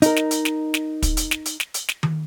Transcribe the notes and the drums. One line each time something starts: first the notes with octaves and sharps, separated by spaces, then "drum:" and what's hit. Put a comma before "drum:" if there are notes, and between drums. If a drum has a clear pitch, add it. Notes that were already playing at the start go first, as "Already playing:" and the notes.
D#4 A#4, drum: hi-hat
drum: snare
drum: hi-hat
drum: snare
drum: snare
drum: kick, hi-hat
drum: hi-hat
drum: snare
drum: hi-hat
drum: snare
drum: hi-hat
drum: snare
drum: tom D#3